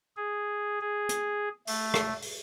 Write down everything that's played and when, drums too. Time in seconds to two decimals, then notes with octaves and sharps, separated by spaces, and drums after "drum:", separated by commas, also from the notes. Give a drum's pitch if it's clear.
0.16 G#4
0.81 G#4
1.09 drum: hi-hat
1.67 A3, drum: open hi-hat
1.94 drum: rim click
2.22 drum: open hi-hat